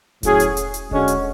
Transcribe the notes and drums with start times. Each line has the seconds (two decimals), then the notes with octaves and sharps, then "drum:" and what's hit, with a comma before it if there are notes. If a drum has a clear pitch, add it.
0.23 A2 F#3 C#4 G#4, drum: kick E1, hi-hat
0.40 drum: hi-hat
0.57 drum: hi-hat
0.74 drum: hi-hat
0.91 D3 G#3 C#4 F#4, drum: kick E1
1.08 drum: hi-hat